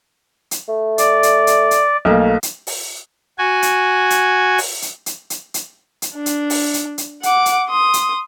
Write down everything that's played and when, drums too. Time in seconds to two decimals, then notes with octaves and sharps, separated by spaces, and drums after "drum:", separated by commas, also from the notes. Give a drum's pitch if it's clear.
0.51 drum: hi-hat
0.68 A3
0.98 D5, drum: hi-hat
1.23 drum: hi-hat
1.47 drum: hi-hat
1.71 drum: hi-hat
2.05 B1 A3 A#3
2.43 drum: hi-hat
2.67 drum: open hi-hat
3.39 F#4 G#5
3.62 drum: hi-hat
4.10 drum: hi-hat
4.58 drum: open hi-hat
4.82 drum: hi-hat
5.06 drum: hi-hat
5.30 drum: hi-hat
5.54 drum: hi-hat
6.02 drum: hi-hat
6.16 D4
6.26 drum: hi-hat
6.50 drum: open hi-hat
6.74 drum: hi-hat
6.98 drum: hi-hat
7.23 F#5 D6, drum: hi-hat
7.46 drum: hi-hat
7.69 C6 D#6
7.93 drum: hi-hat